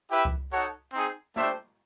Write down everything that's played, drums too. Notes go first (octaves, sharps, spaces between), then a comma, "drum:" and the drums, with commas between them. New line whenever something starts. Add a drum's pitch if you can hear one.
E4 G4 B4 E5 G5
drum: kick C2
D#4 F#4 A4 C#5 F#5
C4 D#4 G#4
A3 D4 G4 C5 E5, drum: snare